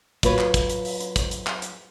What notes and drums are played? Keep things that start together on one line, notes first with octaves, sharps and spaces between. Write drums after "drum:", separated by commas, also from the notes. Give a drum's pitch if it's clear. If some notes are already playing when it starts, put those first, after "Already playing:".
F#3 F4 B4 C#5, drum: kick, hi-hat
drum: clap
drum: kick, hi-hat
drum: hi-hat
drum: open hi-hat
drum: hi-hat
drum: kick, hi-hat
drum: hi-hat
drum: clap
drum: hi-hat